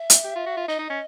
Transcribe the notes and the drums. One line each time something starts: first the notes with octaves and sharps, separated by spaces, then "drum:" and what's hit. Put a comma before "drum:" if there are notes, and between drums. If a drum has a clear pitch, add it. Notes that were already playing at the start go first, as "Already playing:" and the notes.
Already playing: E5
drum: hi-hat
G4
F4
F#4
F4
D#4 D#5
D#4
C#4